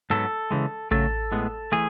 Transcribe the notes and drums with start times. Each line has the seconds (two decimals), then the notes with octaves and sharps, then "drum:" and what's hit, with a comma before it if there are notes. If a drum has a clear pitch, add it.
0.10 G#2 F#3 B3 A4
0.51 C#3 E3 G#3
0.91 C#3 F#3 A3 A4, drum: kick A1
1.32 A2 G#3 B3
1.72 E3 A3 G#4